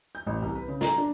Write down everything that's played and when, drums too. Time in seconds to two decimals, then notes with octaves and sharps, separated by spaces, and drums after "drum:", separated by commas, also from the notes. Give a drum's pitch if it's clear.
0.15 G6
0.26 A1
0.42 C2
0.55 B4
0.68 C#3
0.81 A#5, drum: snare
0.98 D4